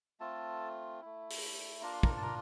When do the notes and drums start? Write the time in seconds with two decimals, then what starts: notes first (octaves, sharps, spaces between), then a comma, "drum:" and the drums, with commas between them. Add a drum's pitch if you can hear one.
0.20 A3 C4 F4 A4 A5
1.01 A3 E4
1.30 drum: open hi-hat
1.82 A#3 D4 F4 A#5
1.93 C6
2.03 A#4 A#5, drum: kick
2.17 A5
2.22 A#4 A#5